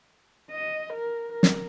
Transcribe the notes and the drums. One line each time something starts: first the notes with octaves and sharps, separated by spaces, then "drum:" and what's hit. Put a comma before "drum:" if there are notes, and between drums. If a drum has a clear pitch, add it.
D#5
A#4
A#4
drum: snare